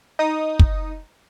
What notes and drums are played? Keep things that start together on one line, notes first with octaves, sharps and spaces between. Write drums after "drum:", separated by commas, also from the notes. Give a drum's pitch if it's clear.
D#4 D#6
drum: kick